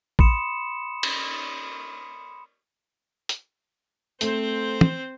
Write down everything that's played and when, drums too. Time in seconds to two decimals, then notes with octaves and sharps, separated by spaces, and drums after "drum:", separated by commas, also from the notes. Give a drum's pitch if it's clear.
0.19 B5 C6 D#6 C#7 E7, drum: kick
1.03 drum: cymbal
3.29 drum: hi-hat
4.21 A3 C4 C5, drum: hi-hat
4.81 drum: tom